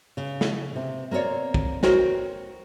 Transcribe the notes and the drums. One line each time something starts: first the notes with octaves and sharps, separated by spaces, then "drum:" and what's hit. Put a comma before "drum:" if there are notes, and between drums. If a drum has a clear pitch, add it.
C#3
drum: snare
C3
A#3 C4 E4 C#5 D5
drum: kick
F#4 A#4 C5 C#5 G5, drum: snare